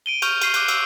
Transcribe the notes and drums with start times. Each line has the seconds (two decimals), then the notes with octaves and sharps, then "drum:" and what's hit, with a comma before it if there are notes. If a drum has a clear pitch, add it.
0.06 D7 D#7 G7
0.22 C#6 F6 G6 F7 G7, drum: cymbal
0.42 C#6 C7 D#7, drum: cymbal
0.54 D6 F#6 G6, drum: cymbal
0.68 E6, drum: cymbal